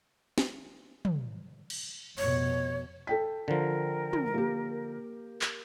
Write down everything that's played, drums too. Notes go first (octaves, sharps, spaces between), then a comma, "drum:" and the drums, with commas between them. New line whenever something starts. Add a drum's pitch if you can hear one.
drum: snare
drum: tom
drum: cymbal
F1 B2 C#5, drum: cymbal
A4 G5 B6
D3 F3 A#4
drum: tom
A#3 G4
drum: clap